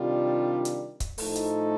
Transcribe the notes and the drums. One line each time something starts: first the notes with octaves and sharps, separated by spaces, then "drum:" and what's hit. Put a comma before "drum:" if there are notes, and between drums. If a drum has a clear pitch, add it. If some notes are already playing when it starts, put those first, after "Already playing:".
Already playing: C3 D#3 G3 D4 F4
drum: hi-hat
drum: kick C#1, hi-hat
A2 F3 A3 D#4 A4, drum: open hi-hat
drum: hi-hat